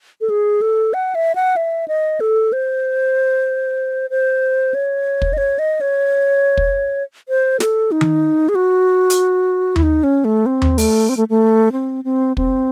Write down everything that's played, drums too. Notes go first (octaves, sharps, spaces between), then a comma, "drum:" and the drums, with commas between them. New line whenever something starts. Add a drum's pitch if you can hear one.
A4
G#4
A4
F#5
E5
F#5
E5
D#5
A4
C5
C5
C#5
drum: kick
D#5
C#5
D#5
C#5
drum: kick
C5
A4, drum: snare
D#4
drum: tom D#3
G#4
F#4
drum: hi-hat
E4, drum: tom D#2
D#4
C#4
A3
C4
drum: tom D#2
A3, drum: open hi-hat
C4
A3
A3
C4
C4
C4, drum: kick